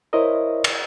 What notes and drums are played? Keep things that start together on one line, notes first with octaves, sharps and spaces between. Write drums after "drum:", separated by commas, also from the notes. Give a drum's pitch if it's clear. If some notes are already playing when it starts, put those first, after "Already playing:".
E4 A#4 C5 C#5 D#5 E5
drum: cymbal